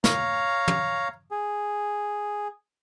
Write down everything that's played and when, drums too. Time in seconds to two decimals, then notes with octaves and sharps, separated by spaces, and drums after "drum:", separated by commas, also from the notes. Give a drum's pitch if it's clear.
0.04 C#5 F5 A#5, drum: snare
0.68 drum: tom
1.31 G#4